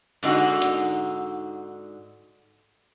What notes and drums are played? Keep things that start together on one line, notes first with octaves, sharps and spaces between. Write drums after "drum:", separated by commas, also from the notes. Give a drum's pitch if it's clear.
G#2 D3 D#4 F#4, drum: open hi-hat
drum: hi-hat